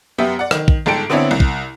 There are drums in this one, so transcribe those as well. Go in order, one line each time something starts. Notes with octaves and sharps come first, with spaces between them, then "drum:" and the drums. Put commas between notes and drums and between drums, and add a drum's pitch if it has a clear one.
F#2 B3 G4 E5
D5 F#5
D#3, drum: rim click
drum: kick
G1 G#2 A4 G5 D7
D3 B3 C4 D4 E4 C#5
C2
drum: kick